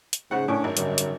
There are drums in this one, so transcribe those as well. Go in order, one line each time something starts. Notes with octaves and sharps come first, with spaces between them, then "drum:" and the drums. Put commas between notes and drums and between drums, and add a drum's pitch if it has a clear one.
drum: hi-hat
G#2 C#3 A3 C5 F#5
A2 C#4 D4 A#4 D5
G#1 F#2
F#2 D3 G3, drum: hi-hat
drum: hi-hat